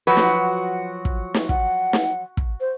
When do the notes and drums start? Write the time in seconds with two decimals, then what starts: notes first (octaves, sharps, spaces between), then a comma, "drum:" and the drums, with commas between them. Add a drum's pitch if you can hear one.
0.07 F3 F#3 F#4 B4
0.17 drum: snare
1.05 drum: kick
1.34 drum: snare
1.49 F#5, drum: kick
1.93 drum: snare
2.37 drum: kick
2.60 C5